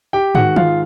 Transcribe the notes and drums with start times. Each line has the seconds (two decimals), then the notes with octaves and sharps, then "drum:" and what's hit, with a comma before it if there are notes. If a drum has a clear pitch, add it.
0.13 G4 G5
0.35 G#2 D#3 G#3 F#4 F#5, drum: tom
0.56 F4 F5, drum: tom